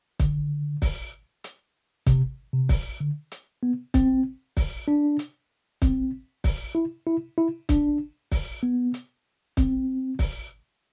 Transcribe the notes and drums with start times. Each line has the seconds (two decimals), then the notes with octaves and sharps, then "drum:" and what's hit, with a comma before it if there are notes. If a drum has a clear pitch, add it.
0.20 D3, drum: kick, hi-hat
0.82 drum: kick, open hi-hat
1.44 drum: hi-hat
2.07 C3, drum: kick, hi-hat
2.53 C3
2.69 drum: kick, open hi-hat
3.00 D3
3.32 drum: hi-hat
3.63 B3
3.94 C4, drum: kick, hi-hat
4.57 drum: kick, open hi-hat
4.88 D4
5.19 drum: hi-hat
5.82 C4, drum: kick, hi-hat
6.44 drum: kick, open hi-hat
6.75 E4
7.07 E4
7.38 E4
7.69 D4, drum: kick, hi-hat
8.32 drum: kick, open hi-hat
8.63 B3
8.94 drum: hi-hat
9.57 C4, drum: kick, hi-hat
10.19 drum: kick, open hi-hat